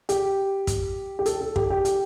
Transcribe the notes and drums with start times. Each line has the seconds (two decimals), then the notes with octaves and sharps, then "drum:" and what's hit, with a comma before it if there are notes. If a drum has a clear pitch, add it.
0.09 G4, drum: hi-hat
0.67 drum: kick, hi-hat
1.19 G4
1.26 A4, drum: hi-hat
1.41 A4
1.56 G4, drum: kick
1.70 G4
1.85 G4, drum: hi-hat